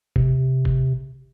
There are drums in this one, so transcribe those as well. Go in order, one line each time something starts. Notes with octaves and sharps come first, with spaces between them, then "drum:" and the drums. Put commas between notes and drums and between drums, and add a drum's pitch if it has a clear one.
C3, drum: kick G1
drum: kick G1